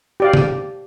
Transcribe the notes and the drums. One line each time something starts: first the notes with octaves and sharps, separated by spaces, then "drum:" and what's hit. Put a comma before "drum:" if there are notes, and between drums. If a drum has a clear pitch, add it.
G4 D5 F5
drum: tom C3